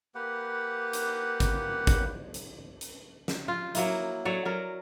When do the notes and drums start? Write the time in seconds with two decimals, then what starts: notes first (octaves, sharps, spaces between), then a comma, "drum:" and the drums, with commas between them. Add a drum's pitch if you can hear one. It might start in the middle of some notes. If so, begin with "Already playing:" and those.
0.15 A#3 G4 B4 F#5
0.93 drum: hi-hat
1.40 drum: kick, hi-hat
1.87 drum: kick, hi-hat
2.34 drum: hi-hat
2.81 drum: hi-hat
3.28 drum: snare
3.48 F4
3.75 F#3 A#3 E4, drum: hi-hat
4.25 F#3 A4 C#5 D5
4.45 F#3 A#4 D5